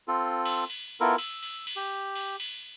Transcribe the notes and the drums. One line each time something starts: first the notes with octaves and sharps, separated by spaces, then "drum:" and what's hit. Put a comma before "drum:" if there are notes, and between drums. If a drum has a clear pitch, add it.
C4 F4 A4
drum: cymbal
drum: cymbal
B3 E4 F4 A4 A#4
E6, drum: cymbal
drum: cymbal
drum: cymbal
G4
drum: cymbal
drum: cymbal